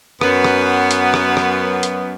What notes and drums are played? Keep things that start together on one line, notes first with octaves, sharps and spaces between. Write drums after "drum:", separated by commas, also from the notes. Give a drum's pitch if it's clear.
F#2 B3, drum: rim click
drum: rim click
drum: hi-hat
drum: rim click
drum: rim click
drum: hi-hat